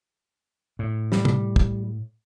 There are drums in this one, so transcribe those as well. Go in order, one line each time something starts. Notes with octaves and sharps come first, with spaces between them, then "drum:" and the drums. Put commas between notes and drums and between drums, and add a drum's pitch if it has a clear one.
A2
G3, drum: snare
drum: tom
drum: kick